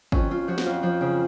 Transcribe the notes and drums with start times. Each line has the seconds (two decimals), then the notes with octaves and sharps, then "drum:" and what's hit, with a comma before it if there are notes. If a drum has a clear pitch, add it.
0.12 F2 C#4, drum: kick
0.30 F2 F4
0.48 F3 F#4
0.58 F#4, drum: snare
0.65 F2 F4
0.83 F3
1.01 C#3